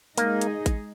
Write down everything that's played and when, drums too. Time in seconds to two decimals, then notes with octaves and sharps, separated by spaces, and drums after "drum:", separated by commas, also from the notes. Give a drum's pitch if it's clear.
0.18 G#3 A#3 D#4 G#4 D#5, drum: hi-hat
0.41 drum: hi-hat
0.66 drum: kick A1, hi-hat